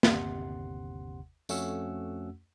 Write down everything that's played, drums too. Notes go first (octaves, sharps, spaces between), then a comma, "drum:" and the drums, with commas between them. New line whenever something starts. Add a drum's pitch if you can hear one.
G1 D#2 C3 F#5 C6, drum: snare
F2 A3 C#4 F#4 F#5 E6, drum: tambourine